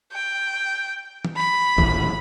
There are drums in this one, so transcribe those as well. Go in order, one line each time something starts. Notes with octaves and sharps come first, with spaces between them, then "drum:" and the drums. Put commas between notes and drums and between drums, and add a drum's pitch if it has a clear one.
G5
drum: tom E3
B5
D#1 A1 E3, drum: kick A1